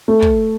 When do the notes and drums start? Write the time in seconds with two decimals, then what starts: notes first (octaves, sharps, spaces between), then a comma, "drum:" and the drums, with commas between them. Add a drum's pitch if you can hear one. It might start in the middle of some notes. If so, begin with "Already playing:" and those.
0.08 A3
0.22 drum: kick